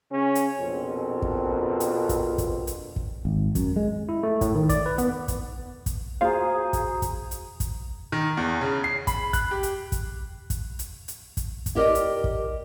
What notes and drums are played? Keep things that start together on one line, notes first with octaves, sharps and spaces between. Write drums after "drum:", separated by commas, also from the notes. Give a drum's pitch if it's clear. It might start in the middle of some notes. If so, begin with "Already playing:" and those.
C#3 C#4
drum: hi-hat
A#1 F2 B2 C4
drum: kick
drum: hi-hat
drum: kick, hi-hat
drum: kick, hi-hat
drum: hi-hat
drum: kick
G#1
F#2, drum: kick, hi-hat
G#3
E4
A3
A2, drum: kick, hi-hat
D#3
D5, drum: kick, hi-hat
B4
B3, drum: hi-hat
drum: kick, hi-hat
drum: kick, hi-hat
A#3 F4 F#4 G#4 C5 F5 A#5
drum: kick, hi-hat
drum: kick, hi-hat
drum: hi-hat
drum: kick, hi-hat
D#3
E2
C#3
C7
B5, drum: kick, hi-hat
F#6, drum: kick, hi-hat
G4
drum: hi-hat
drum: kick, hi-hat
drum: kick, hi-hat
drum: hi-hat
drum: hi-hat
drum: kick, hi-hat
drum: kick, hi-hat
E4 G4 A#4 B4 D5 D#5
drum: hi-hat
drum: kick